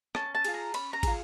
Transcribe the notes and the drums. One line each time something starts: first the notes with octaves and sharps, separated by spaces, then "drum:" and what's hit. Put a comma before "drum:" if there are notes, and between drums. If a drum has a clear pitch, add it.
C#4 A5, drum: rim click
A5
F4 G#4, drum: cymbal
A#5
C#4 B5, drum: cymbal
A#5
F4 G#4, drum: kick, cymbal